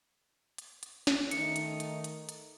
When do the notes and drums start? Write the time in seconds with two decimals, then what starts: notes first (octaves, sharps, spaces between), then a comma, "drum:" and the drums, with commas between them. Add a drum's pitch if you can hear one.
0.58 drum: hi-hat
0.83 drum: hi-hat
1.07 drum: snare
1.31 D#3 A3 D#4 C#7, drum: hi-hat
1.56 drum: hi-hat
1.80 drum: hi-hat
2.04 drum: hi-hat
2.29 drum: hi-hat